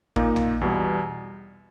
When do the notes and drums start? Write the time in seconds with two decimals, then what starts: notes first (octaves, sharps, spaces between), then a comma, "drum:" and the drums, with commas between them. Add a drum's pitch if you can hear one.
0.16 A#2 A#3 D#4, drum: kick
0.36 drum: tom
0.61 E2 B2 G3